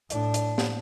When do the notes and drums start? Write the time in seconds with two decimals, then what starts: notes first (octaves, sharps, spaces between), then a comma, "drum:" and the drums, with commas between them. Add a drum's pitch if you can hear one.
0.10 A2 D4, drum: hi-hat
0.34 drum: hi-hat
0.58 drum: snare